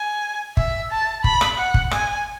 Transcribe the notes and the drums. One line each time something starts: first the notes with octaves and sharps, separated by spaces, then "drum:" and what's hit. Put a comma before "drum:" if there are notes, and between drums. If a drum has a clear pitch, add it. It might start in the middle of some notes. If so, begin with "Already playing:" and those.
Already playing: G#5
E5, drum: kick
A5
B5, drum: kick
drum: rim click
F#5
drum: kick
G#5, drum: rim click